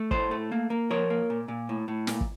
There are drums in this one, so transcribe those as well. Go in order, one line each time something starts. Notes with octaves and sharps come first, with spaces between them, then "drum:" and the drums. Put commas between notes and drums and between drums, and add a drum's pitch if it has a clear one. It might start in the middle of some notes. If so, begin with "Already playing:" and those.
Already playing: A3
A2 A4 C5, drum: kick
A3
A#3
A#3
F3 A#4 C#5
A#3
A#2
A#2
A2
A2
A#2, drum: snare
drum: kick